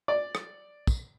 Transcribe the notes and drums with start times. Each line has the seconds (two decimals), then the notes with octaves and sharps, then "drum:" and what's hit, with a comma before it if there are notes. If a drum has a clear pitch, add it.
0.08 D5
0.35 drum: rim click
0.87 drum: kick, tambourine